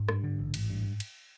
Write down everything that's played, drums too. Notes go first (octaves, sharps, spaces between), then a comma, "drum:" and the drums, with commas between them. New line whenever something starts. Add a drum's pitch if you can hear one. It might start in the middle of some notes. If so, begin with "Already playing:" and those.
Already playing: G#2
G2, drum: rim click
D3
A1
A1, drum: cymbal
G2
drum: cymbal